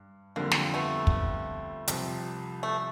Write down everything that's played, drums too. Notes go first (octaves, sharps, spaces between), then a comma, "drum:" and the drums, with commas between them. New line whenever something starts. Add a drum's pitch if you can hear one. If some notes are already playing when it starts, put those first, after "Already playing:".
Already playing: G2
F2 D3 G3 A#3 C4 F4
drum: snare
A3 B3
drum: kick
C2 C3 F3, drum: hi-hat
A3